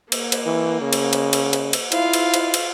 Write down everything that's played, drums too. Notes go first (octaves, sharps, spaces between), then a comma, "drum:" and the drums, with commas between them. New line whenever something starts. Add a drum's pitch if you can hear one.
A#3, drum: cymbal
drum: cymbal
E3
C#3
drum: cymbal
drum: cymbal
drum: cymbal
drum: cymbal
drum: cymbal
E4 F4 F5, drum: cymbal
drum: cymbal
drum: cymbal
drum: cymbal